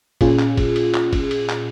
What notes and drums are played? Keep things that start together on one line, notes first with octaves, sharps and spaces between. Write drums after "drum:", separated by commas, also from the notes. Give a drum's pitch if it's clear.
A#2 C#4 F4 G#4, drum: kick, cymbal
drum: clap
drum: kick, cymbal
drum: cymbal
drum: clap
drum: kick, cymbal
drum: cymbal
drum: clap